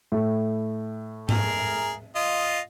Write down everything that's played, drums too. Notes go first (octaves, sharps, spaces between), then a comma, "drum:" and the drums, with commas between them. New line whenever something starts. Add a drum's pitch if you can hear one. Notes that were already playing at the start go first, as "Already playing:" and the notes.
A2
G#4 A#4, drum: tom G#2
F4 D#5